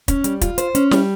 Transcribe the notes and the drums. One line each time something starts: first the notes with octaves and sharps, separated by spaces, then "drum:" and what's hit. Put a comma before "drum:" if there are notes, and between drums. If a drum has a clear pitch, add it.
C#4, drum: kick, hi-hat
G3, drum: hi-hat
F4, drum: kick, hi-hat
C5, drum: hi-hat
C#4, drum: hi-hat
G3, drum: snare